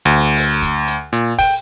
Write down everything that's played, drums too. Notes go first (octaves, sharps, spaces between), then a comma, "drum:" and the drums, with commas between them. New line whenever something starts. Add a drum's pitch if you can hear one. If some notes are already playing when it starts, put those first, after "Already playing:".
D2
drum: open hi-hat
drum: kick, hi-hat
drum: hi-hat
A#2, drum: hi-hat
G5, drum: kick, open hi-hat